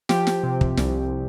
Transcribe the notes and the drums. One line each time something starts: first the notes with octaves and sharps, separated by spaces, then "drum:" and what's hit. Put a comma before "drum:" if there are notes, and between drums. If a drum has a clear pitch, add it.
F3 G4, drum: snare
drum: snare
C3
drum: kick
C2, drum: snare